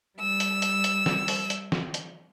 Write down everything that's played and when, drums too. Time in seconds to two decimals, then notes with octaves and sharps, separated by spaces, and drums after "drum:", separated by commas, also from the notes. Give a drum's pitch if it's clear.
0.18 G3 E6
0.40 drum: hi-hat
0.62 drum: hi-hat
0.84 drum: hi-hat
1.06 drum: snare
1.28 drum: open hi-hat
1.50 drum: hi-hat
1.72 drum: snare
1.94 drum: hi-hat